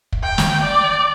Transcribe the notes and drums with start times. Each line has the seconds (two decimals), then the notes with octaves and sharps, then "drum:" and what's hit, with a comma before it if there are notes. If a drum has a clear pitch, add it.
0.12 drum: kick
0.23 G5
0.38 drum: snare
0.63 D5